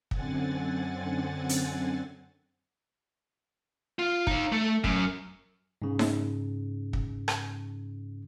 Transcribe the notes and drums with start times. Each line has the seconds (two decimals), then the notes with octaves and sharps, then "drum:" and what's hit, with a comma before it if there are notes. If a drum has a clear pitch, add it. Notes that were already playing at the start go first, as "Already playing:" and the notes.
0.11 F#2 D3 C4 F#5 G#5 A6, drum: kick
1.49 drum: hi-hat
3.99 F4
4.27 D#4 F5, drum: kick
4.52 A3
4.84 F#2, drum: kick
5.82 G#2 C#3
5.99 drum: snare D#4
6.93 drum: kick
7.28 drum: rim click